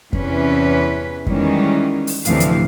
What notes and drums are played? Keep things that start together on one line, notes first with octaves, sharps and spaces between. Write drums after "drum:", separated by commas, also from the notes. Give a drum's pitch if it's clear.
E2 C3 E3 C#4 B4, drum: kick F2
D#3 E3 G3 G#3 B3 C#4, drum: kick F2
drum: open hi-hat
D2 A2 C3 E3 F3 F5, drum: hi-hat
drum: hi-hat